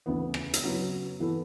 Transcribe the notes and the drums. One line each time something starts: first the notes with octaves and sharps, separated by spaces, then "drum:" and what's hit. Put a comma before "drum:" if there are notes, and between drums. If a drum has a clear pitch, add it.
D2 C#3 E3 B3
drum: rim click
drum: hi-hat
C#3 F#3 B3 E4
E3 B3 E4 A4